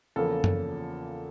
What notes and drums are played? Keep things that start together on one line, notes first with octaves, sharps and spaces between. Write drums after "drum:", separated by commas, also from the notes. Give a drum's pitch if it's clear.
E2 C#3 F3 A#3 A4
drum: tom F#2